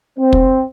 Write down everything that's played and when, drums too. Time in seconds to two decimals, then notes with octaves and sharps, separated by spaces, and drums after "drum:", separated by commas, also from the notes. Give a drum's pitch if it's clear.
0.18 C4
0.33 drum: kick